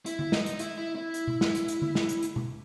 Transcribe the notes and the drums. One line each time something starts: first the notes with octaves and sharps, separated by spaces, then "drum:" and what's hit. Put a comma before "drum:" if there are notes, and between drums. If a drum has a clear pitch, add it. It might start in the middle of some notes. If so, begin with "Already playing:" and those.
E4, drum: hi-hat
drum: tom D3
D#4, drum: snare
drum: hi-hat
E4, drum: hi-hat
E4
E4
drum: hi-hat
drum: tom B2
drum: snare
drum: hi-hat
drum: hi-hat
drum: tom D3
drum: snare
drum: hi-hat
drum: hi-hat
drum: tom B2